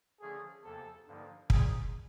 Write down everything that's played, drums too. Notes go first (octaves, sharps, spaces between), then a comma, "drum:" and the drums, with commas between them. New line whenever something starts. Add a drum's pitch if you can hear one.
D3 F3 A3 C#4 G#4
E2 C3 F3 A#3 A4
G2 D3 F3 A#3 D#4
G#2 D#3 G3 G#4, drum: kick